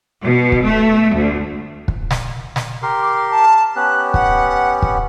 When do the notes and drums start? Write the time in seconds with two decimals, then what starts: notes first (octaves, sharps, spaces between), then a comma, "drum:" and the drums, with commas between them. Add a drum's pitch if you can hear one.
0.22 B2
0.52 drum: kick
0.64 A3
1.14 D2
1.88 drum: kick
2.11 drum: snare
2.56 drum: snare
2.83 G4 A#4 C6
3.01 D6
3.30 A5
3.76 B3 C#4 G4 F#6
4.14 F#5, drum: kick
4.82 drum: kick